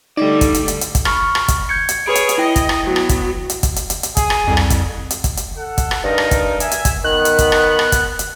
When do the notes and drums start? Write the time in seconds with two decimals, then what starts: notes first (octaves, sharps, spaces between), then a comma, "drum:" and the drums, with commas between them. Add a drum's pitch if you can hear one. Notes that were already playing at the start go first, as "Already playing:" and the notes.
0.17 D3 G3 A3 D#4 G4 D5
0.41 drum: kick, hi-hat
0.54 drum: hi-hat
0.68 drum: hi-hat
0.81 drum: hi-hat
0.95 drum: kick, hi-hat
1.05 B5 C#6 F6, drum: rim click
1.35 drum: rim click
1.48 drum: kick, hi-hat
1.69 G6 G#6 C#7
1.89 drum: hi-hat
2.06 G#4 B4 C#5 B5 D7
2.15 drum: hi-hat
2.29 drum: hi-hat
2.38 E4 D#5 G5
2.56 drum: kick, hi-hat
2.69 drum: rim click
2.84 F#3 B3
2.96 drum: rim click
3.09 drum: kick, hi-hat
3.50 drum: hi-hat
3.63 drum: kick, hi-hat
3.76 drum: hi-hat
3.90 drum: hi-hat
4.03 drum: hi-hat
4.17 G#4, drum: kick, hi-hat
4.30 drum: rim click
4.48 C2 F2
4.57 drum: rim click
4.70 drum: kick, hi-hat
5.11 drum: hi-hat
5.24 drum: kick, hi-hat
5.37 drum: hi-hat
5.56 A4 F#5
5.78 drum: kick, hi-hat
5.91 drum: rim click
6.04 G2 D#4 A#4
6.18 drum: rim click
6.31 drum: kick, hi-hat
6.60 E5 G#5, drum: hi-hat
6.71 drum: hi-hat
6.85 drum: kick, hi-hat
7.04 D#3 B3 F#6
7.25 drum: hi-hat
7.39 drum: kick, hi-hat
7.52 drum: rim click
7.79 drum: rim click
7.92 drum: kick, hi-hat
8.19 drum: hi-hat